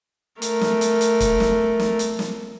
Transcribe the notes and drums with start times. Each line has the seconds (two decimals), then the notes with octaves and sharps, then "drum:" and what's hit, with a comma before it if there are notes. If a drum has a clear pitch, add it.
0.42 A3 A#4, drum: hi-hat
0.61 drum: snare
0.81 drum: hi-hat
1.01 drum: hi-hat
1.20 drum: kick, hi-hat
1.40 drum: snare
1.80 drum: snare
1.99 drum: hi-hat
2.19 drum: snare